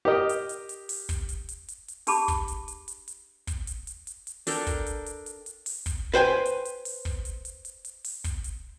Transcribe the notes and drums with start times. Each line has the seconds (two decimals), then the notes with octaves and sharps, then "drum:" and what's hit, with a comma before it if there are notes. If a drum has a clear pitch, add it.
0.05 G4 A#4 D#5 G5
0.29 drum: hi-hat
0.49 drum: hi-hat
0.69 drum: hi-hat
0.89 drum: open hi-hat
1.09 drum: kick, hi-hat
1.29 drum: hi-hat
1.49 drum: hi-hat
1.68 drum: hi-hat
1.88 drum: hi-hat
2.07 D4 G4 G#4 A5 B5 D6, drum: open hi-hat
2.28 drum: kick, hi-hat
2.48 drum: hi-hat
2.68 drum: hi-hat
2.88 drum: hi-hat
3.08 drum: hi-hat
3.47 drum: kick, hi-hat
3.67 drum: hi-hat
3.87 drum: hi-hat
4.07 drum: hi-hat
4.27 drum: hi-hat
4.47 D4 A4 A#4 G5, drum: open hi-hat
4.67 drum: kick, hi-hat
4.86 drum: hi-hat
5.06 drum: hi-hat
5.26 drum: hi-hat
5.46 drum: hi-hat
5.66 drum: open hi-hat
5.86 drum: kick, hi-hat
6.14 B4 C5 G5 G#5
6.45 drum: hi-hat
6.65 drum: hi-hat
6.85 drum: open hi-hat
7.05 drum: kick
7.25 drum: hi-hat
7.45 drum: hi-hat
7.65 drum: hi-hat
7.85 drum: hi-hat
8.04 drum: open hi-hat
8.24 drum: kick, hi-hat
8.44 drum: hi-hat